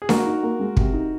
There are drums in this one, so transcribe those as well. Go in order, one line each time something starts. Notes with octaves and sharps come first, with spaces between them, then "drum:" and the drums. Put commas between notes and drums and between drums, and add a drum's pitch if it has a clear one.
G#4
A#3 F#4 A#4, drum: snare D4
D#4
A#3
G#3
C3, drum: kick
D#4